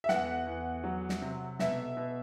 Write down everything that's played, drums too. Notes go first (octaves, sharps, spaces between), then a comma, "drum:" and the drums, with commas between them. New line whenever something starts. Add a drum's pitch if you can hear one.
E5
E2 F#5, drum: snare
E2
F#3
drum: snare
C3
B2 E5, drum: snare
B2